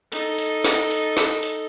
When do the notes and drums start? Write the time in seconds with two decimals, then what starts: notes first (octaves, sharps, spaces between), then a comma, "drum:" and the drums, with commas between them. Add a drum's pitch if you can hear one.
0.12 D#4 A4, drum: hi-hat
0.38 drum: hi-hat
0.64 drum: snare
0.91 drum: hi-hat
1.17 drum: snare
1.43 drum: hi-hat